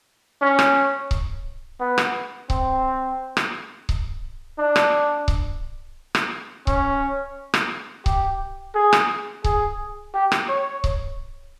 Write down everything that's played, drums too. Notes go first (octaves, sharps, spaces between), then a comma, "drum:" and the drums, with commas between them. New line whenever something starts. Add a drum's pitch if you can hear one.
C#4
drum: rim click
drum: kick C#1
B3
drum: rim click
C4, drum: kick C#1
drum: rim click
drum: kick C#1
D4
drum: rim click
drum: kick C#1
drum: rim click
C#4, drum: kick C#1
drum: rim click
G4, drum: kick C#1
G#4
drum: rim click
G#4, drum: kick C#1
G4
drum: rim click
C#5
drum: kick C#1